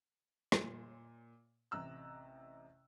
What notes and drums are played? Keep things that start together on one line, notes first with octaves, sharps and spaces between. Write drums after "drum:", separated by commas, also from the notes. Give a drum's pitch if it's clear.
A#2, drum: rim click
A1 C3 A#5 E6 F#6